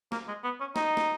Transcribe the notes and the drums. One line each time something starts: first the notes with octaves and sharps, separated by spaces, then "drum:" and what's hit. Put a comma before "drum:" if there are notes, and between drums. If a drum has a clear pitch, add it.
A#3, drum: snare
G#3
B3
C#4
D#4, drum: snare
drum: snare